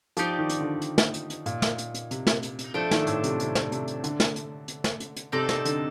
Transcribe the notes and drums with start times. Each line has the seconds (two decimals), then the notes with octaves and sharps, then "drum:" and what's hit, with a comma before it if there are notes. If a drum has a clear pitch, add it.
0.17 F3 D#4 G4 D5, drum: hi-hat
0.39 D#3
0.49 drum: hi-hat
0.60 D3
0.82 drum: hi-hat
0.98 drum: snare
1.14 drum: hi-hat
1.30 drum: hi-hat
1.46 A#2, drum: hi-hat
1.62 drum: snare
1.78 drum: hi-hat
1.94 drum: hi-hat
2.11 C3, drum: hi-hat
2.27 drum: snare
2.43 drum: hi-hat
2.59 drum: hi-hat
2.74 F3 A3 D4 A4 C5
2.91 D#3, drum: snare
3.07 A2, drum: hi-hat
3.24 C3, drum: hi-hat
3.40 C3, drum: hi-hat
3.55 drum: snare
3.72 C3, drum: hi-hat
3.88 drum: hi-hat
4.04 D3, drum: hi-hat
4.20 drum: snare
4.36 drum: hi-hat
4.68 drum: hi-hat
4.84 drum: snare
5.00 drum: hi-hat
5.16 drum: hi-hat
5.32 C3 C4 D#4 A4 D5
5.49 drum: snare
5.65 D3, drum: hi-hat